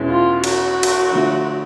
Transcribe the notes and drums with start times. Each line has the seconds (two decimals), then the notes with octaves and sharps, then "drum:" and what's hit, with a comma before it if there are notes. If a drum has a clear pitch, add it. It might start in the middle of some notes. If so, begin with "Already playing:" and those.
Already playing: E2 B2 G#3 C#4 E4
0.10 F4
0.44 F#4, drum: cymbal
0.83 drum: cymbal
1.11 D3 F3 A3